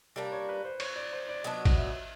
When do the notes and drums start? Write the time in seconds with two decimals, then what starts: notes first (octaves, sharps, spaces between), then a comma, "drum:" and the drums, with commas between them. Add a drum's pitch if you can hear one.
0.16 G3 A#3 D4 D5
0.32 C#5
0.49 B4
0.65 C5
0.80 C#5, drum: cymbal
0.96 D5
1.13 C5
1.29 D5
1.44 F#3 B3 D4 D#5
1.65 drum: kick A1, cymbal
1.76 E5